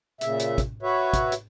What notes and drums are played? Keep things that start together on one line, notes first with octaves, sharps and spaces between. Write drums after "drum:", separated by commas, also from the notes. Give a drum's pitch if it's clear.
A#2 C#3 E5, drum: hi-hat
drum: hi-hat
drum: kick, hi-hat
F#4 B4 C#5 E5
drum: kick, hi-hat
drum: hi-hat